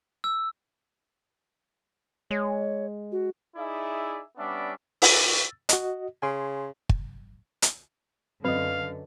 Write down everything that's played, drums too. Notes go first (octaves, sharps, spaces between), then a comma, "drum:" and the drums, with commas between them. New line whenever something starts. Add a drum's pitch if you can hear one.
E6
G#3 C#5
F#4
D#4 E4 G#4 D5 E5
G3 B3 C#4 D4 D5 E5
E6 A6, drum: open hi-hat
F#4 D#5, drum: hi-hat
C#3 G#5 C6
drum: kick
drum: hi-hat
F#2 D3 F#3 C4 B4 D#5 F5